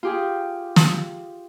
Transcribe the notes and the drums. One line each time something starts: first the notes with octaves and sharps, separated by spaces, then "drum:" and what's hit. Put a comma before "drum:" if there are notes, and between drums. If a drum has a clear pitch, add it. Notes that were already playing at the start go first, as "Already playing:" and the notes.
F4 G4 G#4
drum: snare